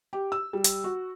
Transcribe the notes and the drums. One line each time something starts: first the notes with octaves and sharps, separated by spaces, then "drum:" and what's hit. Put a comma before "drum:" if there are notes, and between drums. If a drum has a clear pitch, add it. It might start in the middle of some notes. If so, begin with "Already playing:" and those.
G4
E6
G3
drum: hi-hat
F#4